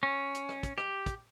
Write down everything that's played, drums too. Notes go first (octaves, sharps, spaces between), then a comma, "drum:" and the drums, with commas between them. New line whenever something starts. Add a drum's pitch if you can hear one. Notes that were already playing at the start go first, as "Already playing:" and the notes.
C#4
drum: hi-hat
drum: rim click
drum: kick, hi-hat
G4, drum: rim click
drum: kick, hi-hat